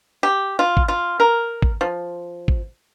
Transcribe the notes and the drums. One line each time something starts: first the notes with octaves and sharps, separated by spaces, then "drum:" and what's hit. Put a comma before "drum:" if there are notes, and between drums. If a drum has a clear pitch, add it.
G4
F4
drum: kick G#1
F4
A#4
drum: kick G#1
F3
drum: kick G#1